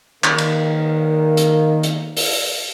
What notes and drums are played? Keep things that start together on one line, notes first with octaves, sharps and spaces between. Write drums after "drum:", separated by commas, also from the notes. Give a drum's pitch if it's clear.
D#3 A#3, drum: clap
drum: cymbal
drum: hi-hat
drum: hi-hat
drum: open hi-hat